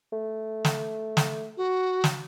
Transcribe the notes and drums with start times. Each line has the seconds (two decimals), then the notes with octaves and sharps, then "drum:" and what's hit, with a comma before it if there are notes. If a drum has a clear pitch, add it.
0.12 A3
0.65 drum: snare
1.17 drum: snare
1.57 F#4
2.04 drum: snare